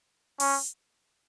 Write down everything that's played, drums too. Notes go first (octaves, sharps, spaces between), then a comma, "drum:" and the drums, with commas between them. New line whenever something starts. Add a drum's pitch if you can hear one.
C#4, drum: open hi-hat